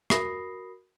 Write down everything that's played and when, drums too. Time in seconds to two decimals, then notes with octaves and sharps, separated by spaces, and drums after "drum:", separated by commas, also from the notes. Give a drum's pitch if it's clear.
0.10 F#4 A#4 B5 D#6 A#6 C7, drum: rim click